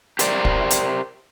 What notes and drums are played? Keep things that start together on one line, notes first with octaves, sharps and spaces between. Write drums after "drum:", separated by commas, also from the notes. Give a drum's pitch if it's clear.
G4 A#4 C5 D5, drum: hi-hat
drum: kick
drum: hi-hat